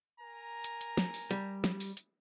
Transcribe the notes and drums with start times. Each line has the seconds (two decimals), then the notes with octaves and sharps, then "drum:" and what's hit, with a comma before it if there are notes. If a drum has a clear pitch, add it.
0.20 A#4 G#5 A#5
0.64 drum: hi-hat
0.81 drum: hi-hat
0.97 drum: snare
1.14 drum: open hi-hat
1.31 G3, drum: hi-hat
1.64 drum: snare
1.80 drum: open hi-hat
1.97 drum: hi-hat